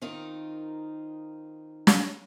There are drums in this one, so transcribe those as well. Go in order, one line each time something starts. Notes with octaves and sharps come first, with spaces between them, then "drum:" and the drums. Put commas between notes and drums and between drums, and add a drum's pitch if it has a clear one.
D#3 C4 D#4 F4 A#4
drum: snare